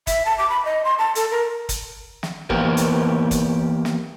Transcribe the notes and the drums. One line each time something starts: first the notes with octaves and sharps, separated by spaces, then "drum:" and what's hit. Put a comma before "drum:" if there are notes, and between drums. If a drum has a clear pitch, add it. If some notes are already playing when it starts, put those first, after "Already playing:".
E5, drum: kick, hi-hat
A5
D6
B5
D#5
C6
A5
A4, drum: hi-hat
A#4
drum: kick, hi-hat
drum: snare
E3 A#3 B3 G4 A#4 C5, drum: kick
drum: hi-hat
drum: kick, hi-hat
drum: snare